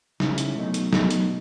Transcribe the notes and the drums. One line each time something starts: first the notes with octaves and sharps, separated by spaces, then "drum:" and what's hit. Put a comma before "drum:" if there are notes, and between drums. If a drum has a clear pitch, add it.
C#3 G#3 C#4 E4, drum: snare
drum: hi-hat
B2 F#3 A3 D#4
drum: hi-hat
B2 F#3 A3 D#4, drum: snare
drum: hi-hat